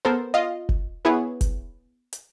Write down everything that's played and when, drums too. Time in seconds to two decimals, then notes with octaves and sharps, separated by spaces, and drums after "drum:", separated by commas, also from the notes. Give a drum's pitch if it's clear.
0.05 B3 A4 A#4 C5
0.34 F4 D#5
0.69 drum: kick F#1
1.05 B3 E4 G#4 B4 C#5
1.41 drum: kick F#1, hi-hat
2.13 drum: hi-hat